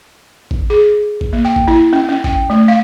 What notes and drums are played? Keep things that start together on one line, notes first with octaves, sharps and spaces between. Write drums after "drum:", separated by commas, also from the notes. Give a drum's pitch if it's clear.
drum: kick G#1
G#4
drum: kick G#1
A#3
G5
drum: kick G#1
E4
C#4
C#4
G5, drum: kick G#1
A3
F5